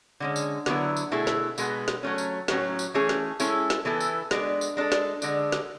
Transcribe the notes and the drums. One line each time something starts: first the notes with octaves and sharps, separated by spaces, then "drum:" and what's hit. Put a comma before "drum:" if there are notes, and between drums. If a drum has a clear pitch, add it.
D3 G#3 C#4
drum: tambourine
D3 F#3 B3 E4, drum: snare
drum: tambourine
B2 A3 E4 G#4
drum: snare
B2 G#3 B3, drum: tambourine
drum: snare
F#3 A3 C#4
drum: tambourine
A2 F#3 C#4, drum: snare
drum: tambourine
E3 A3 C#4 G#4
drum: snare
G#3 C#4 E4 A4, drum: tambourine
drum: snare
E3 B3 E4 A4
drum: tambourine
G#3 B3 D4, drum: snare
drum: tambourine
G#3 D4 A4
drum: snare
D3 G#3 D4, drum: tambourine
drum: snare